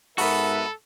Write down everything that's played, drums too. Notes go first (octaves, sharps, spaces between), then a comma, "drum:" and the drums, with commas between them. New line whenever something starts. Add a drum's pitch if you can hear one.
G#2 B3 F#4 A4 A#4 E5 B5, drum: open hi-hat